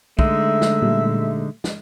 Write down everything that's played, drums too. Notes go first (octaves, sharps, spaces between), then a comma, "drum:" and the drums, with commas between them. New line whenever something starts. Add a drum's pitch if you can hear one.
D3 G#3 A3 D#4 E5, drum: kick
drum: snare
A#2 G3
drum: snare